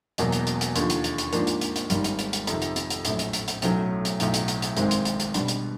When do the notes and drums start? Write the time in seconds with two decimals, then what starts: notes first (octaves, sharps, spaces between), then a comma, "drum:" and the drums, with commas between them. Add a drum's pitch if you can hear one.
0.18 E1 E2 B2 F#3 A#3, drum: hi-hat
0.32 drum: hi-hat
0.47 drum: hi-hat
0.61 drum: hi-hat
0.76 D#2 D3 F3, drum: hi-hat
0.90 drum: hi-hat
1.04 drum: hi-hat
1.18 drum: hi-hat
1.33 G#2 F3 A#3 D4, drum: hi-hat
1.47 drum: hi-hat
1.61 drum: hi-hat
1.76 drum: hi-hat
1.90 G#1 G#2 D#3 G3, drum: hi-hat
2.04 drum: hi-hat
2.19 drum: hi-hat
2.33 drum: hi-hat
2.47 F2 C3 D#3, drum: hi-hat
2.62 drum: hi-hat
2.76 drum: hi-hat
2.90 drum: hi-hat
3.05 A#1 A2 F#3, drum: hi-hat
3.19 drum: hi-hat
3.33 drum: hi-hat
3.48 drum: hi-hat
3.62 B1 A2 F#3 A3 C#4, drum: hi-hat
4.05 drum: hi-hat
4.20 B1 A2 F#3, drum: hi-hat
4.34 drum: hi-hat
4.48 drum: hi-hat
4.62 drum: hi-hat
4.77 G#1 G#2 D#3 G#3 C4, drum: hi-hat
4.91 drum: hi-hat
5.05 drum: hi-hat
5.20 drum: hi-hat
5.34 B2 G3 B3 D4, drum: hi-hat
5.48 drum: hi-hat